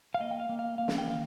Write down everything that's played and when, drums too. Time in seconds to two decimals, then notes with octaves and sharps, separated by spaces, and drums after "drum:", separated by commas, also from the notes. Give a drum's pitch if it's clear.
0.14 F5
0.20 A#3 D#5
0.31 G5
0.40 F5
0.49 A#3
0.59 F5
0.78 A#3 F5
0.88 drum: snare
0.98 G5
1.07 D#3 F5